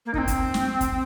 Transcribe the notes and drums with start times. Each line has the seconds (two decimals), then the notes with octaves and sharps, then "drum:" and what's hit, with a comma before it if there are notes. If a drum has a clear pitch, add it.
0.06 A#3
0.14 D#4, drum: kick
0.18 C4
0.28 drum: kick, hi-hat
0.54 drum: snare
0.81 drum: kick, hi-hat